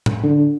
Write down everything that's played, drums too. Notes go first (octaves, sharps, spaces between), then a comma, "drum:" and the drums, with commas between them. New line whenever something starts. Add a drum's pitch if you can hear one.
drum: tom A2
D3